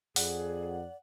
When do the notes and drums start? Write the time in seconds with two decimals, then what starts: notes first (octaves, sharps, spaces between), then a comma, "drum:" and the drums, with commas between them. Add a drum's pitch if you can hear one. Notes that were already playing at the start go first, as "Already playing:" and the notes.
0.16 F2 G#4 D5 F#5, drum: open hi-hat